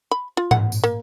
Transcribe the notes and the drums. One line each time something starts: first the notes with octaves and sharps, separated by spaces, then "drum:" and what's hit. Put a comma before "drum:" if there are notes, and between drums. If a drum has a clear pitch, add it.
B5
F4
F#5, drum: tom G#2
drum: tambourine
A#3